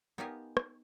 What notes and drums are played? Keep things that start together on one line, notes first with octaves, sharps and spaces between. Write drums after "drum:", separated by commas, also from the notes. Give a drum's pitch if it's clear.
B3 D#4 F4 G4 A#4 G#5
drum: rim click